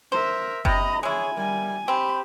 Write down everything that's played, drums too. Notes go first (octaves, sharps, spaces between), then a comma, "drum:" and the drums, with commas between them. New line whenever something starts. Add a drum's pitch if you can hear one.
A#4 C5 E5
C3 D#5 A#5 B5, drum: kick F#1
G#3 E4 G#4 C#5 G#5
G3 A#4 G#5
C4 G4 B5